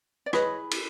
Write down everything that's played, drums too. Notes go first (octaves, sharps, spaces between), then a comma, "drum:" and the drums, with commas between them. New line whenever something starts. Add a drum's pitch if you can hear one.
D5
E4 G#4 B4 C#5 D#5, drum: rim click
drum: cymbal